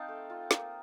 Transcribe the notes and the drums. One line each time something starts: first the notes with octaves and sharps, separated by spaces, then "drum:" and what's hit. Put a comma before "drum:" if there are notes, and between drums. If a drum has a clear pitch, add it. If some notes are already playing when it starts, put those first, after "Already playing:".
Already playing: C4 D#4 F5 G5 A5
A3
F4
A#3, drum: snare